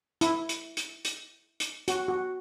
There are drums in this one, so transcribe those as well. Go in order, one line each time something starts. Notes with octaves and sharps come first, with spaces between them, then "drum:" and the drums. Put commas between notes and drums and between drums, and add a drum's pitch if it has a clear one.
E4, drum: hi-hat
drum: hi-hat
drum: hi-hat
drum: hi-hat
drum: hi-hat
F#4, drum: hi-hat
F#4